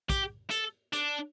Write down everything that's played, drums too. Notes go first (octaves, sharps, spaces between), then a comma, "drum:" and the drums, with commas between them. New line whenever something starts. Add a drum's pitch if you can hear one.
G4, drum: kick, hi-hat
A4, drum: hi-hat
D4, drum: hi-hat